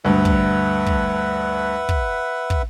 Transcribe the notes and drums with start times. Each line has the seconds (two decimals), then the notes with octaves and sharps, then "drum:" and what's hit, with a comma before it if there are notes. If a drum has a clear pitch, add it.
0.05 D2 G2 B4 E5 F#5
0.25 drum: kick
0.86 drum: kick
1.89 drum: kick
2.50 drum: kick